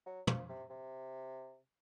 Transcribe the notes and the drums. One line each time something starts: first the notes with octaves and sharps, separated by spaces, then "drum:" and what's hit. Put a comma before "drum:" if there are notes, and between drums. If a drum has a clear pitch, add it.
F#3
F3, drum: tom
C3
C3